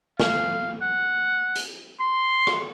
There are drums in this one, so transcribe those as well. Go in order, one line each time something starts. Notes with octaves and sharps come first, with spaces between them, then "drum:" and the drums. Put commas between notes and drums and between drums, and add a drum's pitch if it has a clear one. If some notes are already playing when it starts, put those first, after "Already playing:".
F5, drum: snare
F#5
drum: hi-hat
C6
drum: rim click